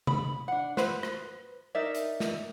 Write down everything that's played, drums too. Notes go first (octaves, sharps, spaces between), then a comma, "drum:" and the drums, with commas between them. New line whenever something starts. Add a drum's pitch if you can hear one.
B5, drum: tom C3
D4 F#5
B4 C5, drum: snare
drum: rim click
D#4 A#4 D5 E5
drum: hi-hat
drum: snare